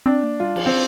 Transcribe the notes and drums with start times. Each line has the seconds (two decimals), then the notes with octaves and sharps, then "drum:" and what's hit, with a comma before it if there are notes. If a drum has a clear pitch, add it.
0.06 C4 D4
0.23 A#3
0.40 G3 F4
0.56 F3, drum: cymbal
0.66 C4